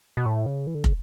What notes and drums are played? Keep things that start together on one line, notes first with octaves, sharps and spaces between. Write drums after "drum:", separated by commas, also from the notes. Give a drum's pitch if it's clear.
B2
A2
C#3
E3
D3
C#3, drum: kick